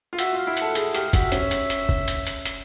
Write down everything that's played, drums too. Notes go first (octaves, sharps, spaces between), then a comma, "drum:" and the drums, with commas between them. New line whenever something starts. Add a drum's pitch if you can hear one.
F4
F#4 E5, drum: hi-hat
F4 F5
E4
A4 F#5, drum: hi-hat
G#4, drum: hi-hat
G4 F5, drum: hi-hat
F#4 E5, drum: kick, hi-hat
C#4, drum: hi-hat
drum: hi-hat
drum: hi-hat
drum: kick
drum: hi-hat
drum: hi-hat
drum: hi-hat